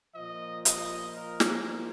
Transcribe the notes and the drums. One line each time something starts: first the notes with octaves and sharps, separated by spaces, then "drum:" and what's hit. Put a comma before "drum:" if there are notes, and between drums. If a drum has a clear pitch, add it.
A#2 F3 D#5
D#5, drum: hi-hat
A#4
drum: snare